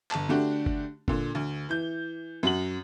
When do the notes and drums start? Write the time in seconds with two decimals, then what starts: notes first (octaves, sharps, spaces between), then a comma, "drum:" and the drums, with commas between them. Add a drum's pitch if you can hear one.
0.11 G1 A5, drum: clap
0.29 D3 A3 D4 F#4 G4
0.66 drum: kick G1
1.08 A#2 D3, drum: kick G1
1.35 D2
1.69 E3 G6
2.43 F#2 F#4 F#7